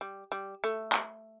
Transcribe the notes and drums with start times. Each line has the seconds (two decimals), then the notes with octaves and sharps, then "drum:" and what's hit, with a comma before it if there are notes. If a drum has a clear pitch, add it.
0.01 G3
0.32 G3
0.64 A3
0.92 drum: clap